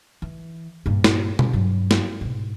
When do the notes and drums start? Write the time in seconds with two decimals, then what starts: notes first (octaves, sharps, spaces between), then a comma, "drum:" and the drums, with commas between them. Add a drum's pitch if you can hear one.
0.22 E3
0.86 G2 A#2
1.04 drum: snare
1.39 drum: tom B2
1.53 G2 F#3
1.91 drum: snare
2.21 G#2 B2